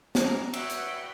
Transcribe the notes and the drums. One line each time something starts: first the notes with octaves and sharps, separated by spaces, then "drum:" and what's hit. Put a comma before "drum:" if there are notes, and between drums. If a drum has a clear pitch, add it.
D4 A#4 A#5, drum: snare
F#4 B4 C#5 E5 F#5 G5, drum: cymbal
drum: hi-hat